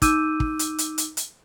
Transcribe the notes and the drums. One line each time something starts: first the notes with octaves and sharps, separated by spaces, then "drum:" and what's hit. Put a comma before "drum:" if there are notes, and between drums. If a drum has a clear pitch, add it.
D#4 D6 E6 G6 D#7, drum: kick, hi-hat
drum: kick
drum: hi-hat
drum: hi-hat
drum: hi-hat
drum: hi-hat